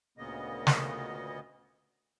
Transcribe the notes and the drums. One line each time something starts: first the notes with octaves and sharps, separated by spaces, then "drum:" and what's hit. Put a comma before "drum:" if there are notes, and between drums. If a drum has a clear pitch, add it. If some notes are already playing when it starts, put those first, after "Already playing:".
D2 A#2 C#3 A#3 B3 D#5
drum: snare